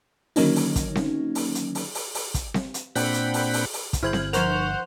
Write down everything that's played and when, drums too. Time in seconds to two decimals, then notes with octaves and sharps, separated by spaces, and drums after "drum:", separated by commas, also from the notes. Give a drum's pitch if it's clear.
0.36 D3 D#3 F#3 A#3 C#4 D#4, drum: open hi-hat
0.56 drum: open hi-hat
0.76 drum: kick, hi-hat
0.95 drum: snare C4
1.35 drum: open hi-hat
1.55 drum: hi-hat
1.75 drum: open hi-hat
1.95 drum: open hi-hat
2.15 drum: open hi-hat
2.34 drum: kick, hi-hat
2.54 drum: snare C4
2.74 drum: hi-hat
2.96 A#2 C4 D4 F#5 G5 B5, drum: open hi-hat
3.14 drum: hi-hat
3.34 drum: open hi-hat
3.53 drum: open hi-hat
3.73 drum: open hi-hat
3.93 drum: kick, hi-hat
4.03 G1 E4 G#4 C5 F6 G#6 F#7
4.13 drum: snare C4
4.33 F3 A#4 C5 F#5 C#6 F7, drum: hi-hat